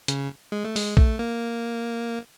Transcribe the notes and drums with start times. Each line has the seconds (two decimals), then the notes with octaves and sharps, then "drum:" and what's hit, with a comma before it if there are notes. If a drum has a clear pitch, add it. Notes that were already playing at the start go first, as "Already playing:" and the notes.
0.08 C#3, drum: hi-hat
0.52 G#3
0.64 A3
0.76 G#3, drum: open hi-hat
0.97 A3, drum: kick A#1
1.19 A#3